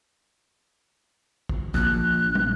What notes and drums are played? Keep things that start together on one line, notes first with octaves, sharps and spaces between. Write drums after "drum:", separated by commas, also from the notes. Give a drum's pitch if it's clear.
drum: kick
A#1 F#6, drum: kick
drum: tom